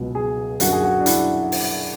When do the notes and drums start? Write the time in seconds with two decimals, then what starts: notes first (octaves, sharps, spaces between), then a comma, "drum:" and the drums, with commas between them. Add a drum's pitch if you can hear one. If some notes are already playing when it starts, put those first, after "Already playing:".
Already playing: C#2 B2 F#3
0.15 G#4
0.60 F#2 D3 F#3 F#4, drum: hi-hat
0.72 G#4
0.83 F#4
1.01 D4
1.06 E4, drum: hi-hat
1.52 drum: open hi-hat